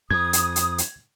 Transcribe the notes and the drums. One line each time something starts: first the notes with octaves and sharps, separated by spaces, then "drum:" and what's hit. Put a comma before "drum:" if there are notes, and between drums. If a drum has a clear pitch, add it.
F2 D#6 G#6
drum: hi-hat
drum: hi-hat
drum: hi-hat